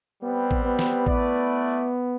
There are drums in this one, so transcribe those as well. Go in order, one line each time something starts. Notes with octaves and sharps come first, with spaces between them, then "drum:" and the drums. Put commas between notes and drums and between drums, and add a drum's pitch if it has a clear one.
G3 B3 C4 G4 B4
drum: kick A1
B3
drum: snare
A3 E4 B4 D5, drum: kick A1